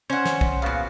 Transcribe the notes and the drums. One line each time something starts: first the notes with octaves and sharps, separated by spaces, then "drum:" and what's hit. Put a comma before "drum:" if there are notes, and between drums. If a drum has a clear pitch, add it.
C#4 C5 C#5 F#5
drum: snare
drum: kick
A#2 C#3 B3 F#4 F5